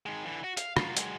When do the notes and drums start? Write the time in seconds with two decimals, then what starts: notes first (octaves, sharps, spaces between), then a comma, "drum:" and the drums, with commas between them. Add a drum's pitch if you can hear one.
0.06 D#3 G#3
0.26 D3 E3
0.44 F#4
0.57 F5, drum: hi-hat
0.77 F#3 F4, drum: rim click
0.97 F#3 G#3, drum: hi-hat